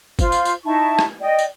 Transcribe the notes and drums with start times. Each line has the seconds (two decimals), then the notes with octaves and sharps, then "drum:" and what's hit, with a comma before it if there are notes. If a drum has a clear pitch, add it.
0.19 F4 C5, drum: kick, tambourine
0.32 drum: tambourine
0.45 drum: tambourine
0.64 D#4 E4 A5 C#6
0.99 drum: rim click
1.20 D5 D#5 G5
1.39 drum: tambourine